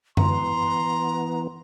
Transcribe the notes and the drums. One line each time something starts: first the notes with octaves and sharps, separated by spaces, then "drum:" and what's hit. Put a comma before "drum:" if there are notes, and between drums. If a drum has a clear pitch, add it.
E3 B3 A#5 C6, drum: tom F#2